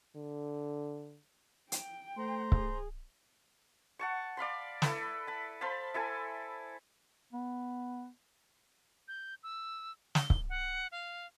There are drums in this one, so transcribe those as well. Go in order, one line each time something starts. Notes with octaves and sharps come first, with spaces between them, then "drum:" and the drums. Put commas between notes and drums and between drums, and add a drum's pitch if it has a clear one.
D3
G5, drum: hi-hat
A3 C5 A#5 C6
G#4, drum: kick C#1
F#5 A5 C#6
D5 F5 B5 C6
E4 A4 B4, drum: snare
A5 B5
C5 F5 A5 B5
E4 A4 G#5 A5
B3
G6
E6
G7, drum: snare
drum: kick C#1
F#5
F5